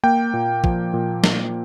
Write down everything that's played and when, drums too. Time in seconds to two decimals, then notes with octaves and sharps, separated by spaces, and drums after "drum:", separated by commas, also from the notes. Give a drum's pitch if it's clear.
0.03 A#3 G5
0.33 A#2
0.64 F3, drum: kick
0.93 A#2
1.24 drum: snare